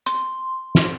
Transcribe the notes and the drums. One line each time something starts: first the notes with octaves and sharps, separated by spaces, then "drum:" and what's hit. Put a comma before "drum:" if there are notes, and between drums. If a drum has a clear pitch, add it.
C6, drum: hi-hat
drum: snare